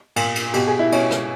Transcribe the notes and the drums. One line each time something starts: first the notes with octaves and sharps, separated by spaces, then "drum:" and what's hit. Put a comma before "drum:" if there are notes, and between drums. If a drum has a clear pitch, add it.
A#2, drum: cymbal
drum: cymbal
B2 G4, drum: cymbal
G#4
E4
B2 C#4, drum: cymbal
drum: rim click